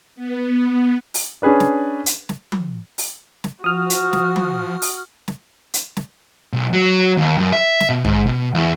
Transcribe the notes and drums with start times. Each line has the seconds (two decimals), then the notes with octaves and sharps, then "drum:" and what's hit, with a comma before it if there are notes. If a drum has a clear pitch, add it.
0.16 B3
1.14 drum: open hi-hat
1.42 C#4 D4 G#4 B4 D5
1.60 drum: snare
2.06 drum: hi-hat
2.29 drum: snare
2.52 drum: tom F3
2.98 drum: open hi-hat
3.44 drum: snare
3.64 F3 F#4 D#6 F6
3.90 drum: hi-hat
4.13 drum: snare
4.36 drum: tom F3
4.82 drum: open hi-hat
5.28 drum: snare
5.74 drum: hi-hat
5.97 drum: snare
6.53 B1
6.73 F#3
7.17 D#2
7.38 F#2
7.53 E5
7.80 drum: snare
7.90 B2
8.05 G#2, drum: tom
8.26 B2
8.54 E2